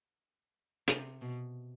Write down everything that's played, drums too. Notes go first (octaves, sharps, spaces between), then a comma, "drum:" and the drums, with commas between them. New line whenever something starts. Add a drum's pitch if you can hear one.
C3, drum: hi-hat
B2